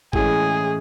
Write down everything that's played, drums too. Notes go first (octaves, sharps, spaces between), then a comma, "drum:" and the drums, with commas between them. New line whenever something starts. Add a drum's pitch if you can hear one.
A2 E3 G#3 C#4 G#4, drum: kick